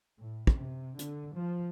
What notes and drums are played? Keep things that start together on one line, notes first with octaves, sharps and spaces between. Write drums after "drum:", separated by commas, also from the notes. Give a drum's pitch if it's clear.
A2
drum: kick
C3
D3, drum: hi-hat
F3